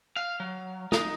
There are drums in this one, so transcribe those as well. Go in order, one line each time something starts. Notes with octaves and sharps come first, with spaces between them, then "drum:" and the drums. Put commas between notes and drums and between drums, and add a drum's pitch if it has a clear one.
F5
F#3
D#4, drum: snare